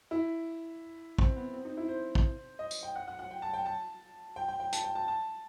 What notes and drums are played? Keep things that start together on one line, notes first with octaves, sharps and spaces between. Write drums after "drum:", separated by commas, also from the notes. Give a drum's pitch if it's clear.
E4
C4, drum: kick
B3
C4
D#4
E4
C5
drum: kick
D#5
drum: tambourine
G5
F#5
F#5
F#5
G5
A5
G5
A5
G5
G5
G5
A5, drum: hi-hat
G5
A5
A5